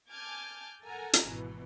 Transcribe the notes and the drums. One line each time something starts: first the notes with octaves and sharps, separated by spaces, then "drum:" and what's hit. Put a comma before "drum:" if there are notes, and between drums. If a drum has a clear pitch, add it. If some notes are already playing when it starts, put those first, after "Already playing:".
G#5 A5 D6 F6 G6 G#6
A4 A#4 F#5 G#5 A#5
drum: hi-hat
G#1 B2 E3